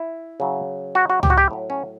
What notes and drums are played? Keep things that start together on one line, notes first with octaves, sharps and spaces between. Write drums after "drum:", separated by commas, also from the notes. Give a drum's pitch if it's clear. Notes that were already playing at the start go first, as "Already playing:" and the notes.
Already playing: E4
C#3 F#3
F#4
F#4
G4, drum: tom C#2
F#4
G4
A2 F#3
C#4